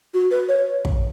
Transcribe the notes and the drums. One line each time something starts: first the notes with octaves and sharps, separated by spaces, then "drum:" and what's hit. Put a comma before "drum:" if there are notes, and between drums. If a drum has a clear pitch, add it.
F#4
B4
C#5
drum: kick